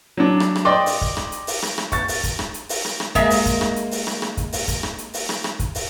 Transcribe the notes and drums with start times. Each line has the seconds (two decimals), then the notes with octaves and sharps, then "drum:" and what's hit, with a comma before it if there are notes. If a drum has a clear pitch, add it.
0.17 F#3 D4
0.40 drum: rim click
0.56 drum: rim click
0.65 D5 D#5 G5 C6 D6
0.86 drum: open hi-hat
1.01 drum: kick
1.17 drum: rim click
1.32 drum: hi-hat
1.47 drum: open hi-hat
1.62 drum: rim click
1.78 drum: rim click
1.92 C#6 A6, drum: kick, hi-hat
2.08 drum: open hi-hat
2.23 drum: kick, hi-hat
2.39 drum: rim click
2.54 drum: hi-hat
2.69 drum: open hi-hat
2.85 drum: rim click
3.00 drum: rim click
3.15 G#3 A#3 E5, drum: kick, hi-hat
3.30 drum: open hi-hat
3.46 drum: kick, hi-hat
3.61 drum: rim click
3.76 drum: hi-hat
3.91 drum: open hi-hat
4.07 drum: rim click
4.22 drum: rim click
4.37 drum: kick, hi-hat
4.53 drum: open hi-hat
4.68 drum: kick, hi-hat
4.83 drum: rim click
4.98 drum: hi-hat
5.14 drum: open hi-hat
5.29 drum: rim click
5.44 drum: rim click
5.59 drum: kick, hi-hat
5.75 drum: open hi-hat